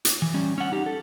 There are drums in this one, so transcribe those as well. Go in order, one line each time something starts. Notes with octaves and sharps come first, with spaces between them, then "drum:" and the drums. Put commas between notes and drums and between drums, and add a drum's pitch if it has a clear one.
drum: hi-hat
E3
G3 C#4
C#4 F#5
D#4 G4
A4